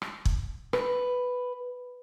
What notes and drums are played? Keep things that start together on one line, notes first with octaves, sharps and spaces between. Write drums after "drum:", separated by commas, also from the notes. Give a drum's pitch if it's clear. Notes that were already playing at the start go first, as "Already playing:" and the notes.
drum: rim click
drum: kick
B4, drum: rim click